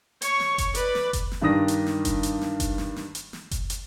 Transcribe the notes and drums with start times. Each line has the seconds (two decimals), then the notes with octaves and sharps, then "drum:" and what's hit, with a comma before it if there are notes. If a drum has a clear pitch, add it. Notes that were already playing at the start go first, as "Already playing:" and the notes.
0.22 C#5 C#6, drum: hi-hat
0.40 drum: snare
0.58 drum: kick F#1, hi-hat
0.75 B4 D5, drum: hi-hat
0.95 drum: snare
1.13 drum: kick F#1, hi-hat
1.32 drum: snare
1.42 G2 D#3 D4 D#6 A#6
1.68 drum: hi-hat
1.86 drum: snare
2.05 drum: kick F#1, hi-hat
2.23 drum: hi-hat
2.41 drum: snare
2.60 drum: kick F#1, hi-hat
2.78 drum: snare
2.96 drum: snare
3.15 drum: hi-hat
3.33 drum: snare
3.51 drum: kick F#1, hi-hat
3.70 drum: hi-hat